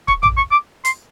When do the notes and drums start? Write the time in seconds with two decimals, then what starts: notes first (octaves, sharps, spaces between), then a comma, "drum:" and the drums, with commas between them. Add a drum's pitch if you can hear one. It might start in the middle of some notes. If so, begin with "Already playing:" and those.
0.08 C#6, drum: kick C#1
0.23 D6, drum: tom A1
0.37 C#6
0.51 D6
0.85 C6, drum: hi-hat